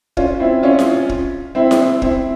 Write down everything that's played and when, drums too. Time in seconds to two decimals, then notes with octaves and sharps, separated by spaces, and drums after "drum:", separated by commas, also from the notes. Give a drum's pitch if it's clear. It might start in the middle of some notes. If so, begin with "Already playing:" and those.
0.17 C#4 F4, drum: kick
0.40 C4 E4
0.63 C#4 F4
0.79 drum: snare E4
1.09 drum: kick
1.55 C4 E4
1.71 drum: snare E4
2.02 C4 E4, drum: kick